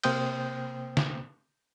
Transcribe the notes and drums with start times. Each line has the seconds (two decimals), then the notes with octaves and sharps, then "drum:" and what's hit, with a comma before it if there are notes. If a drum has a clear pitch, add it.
0.04 C3 A#3 C5 G5 D#6 G6, drum: cymbal
0.97 drum: snare